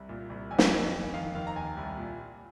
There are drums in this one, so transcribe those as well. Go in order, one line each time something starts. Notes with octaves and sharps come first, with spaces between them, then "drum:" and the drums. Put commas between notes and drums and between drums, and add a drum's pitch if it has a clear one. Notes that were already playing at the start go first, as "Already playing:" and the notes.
Already playing: C2
A#2
C2
F2 G#5
F5, drum: snare
G#5
F2
F2
D#3 F5
D#2 F5
A#5
D#2 G#5
C2
A#2